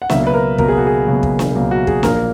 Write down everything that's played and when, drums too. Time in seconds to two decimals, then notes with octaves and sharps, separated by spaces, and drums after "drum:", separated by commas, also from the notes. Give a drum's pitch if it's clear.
0.02 F#5
0.10 C#2 B2 F#3 A#3 E5, drum: snare
0.27 B4
0.34 A#4
0.58 C#2 B2 F#3 A#3 A#4, drum: kick
0.68 G#4
0.78 F#4
0.87 G#4
1.07 C#2 B2 F#3 A#3
1.23 drum: kick
1.39 drum: snare
1.55 C#2 B2 F#3 A#3
1.71 F#4
1.87 G#4, drum: kick
2.03 A#1 A#2 A#3 A#4, drum: snare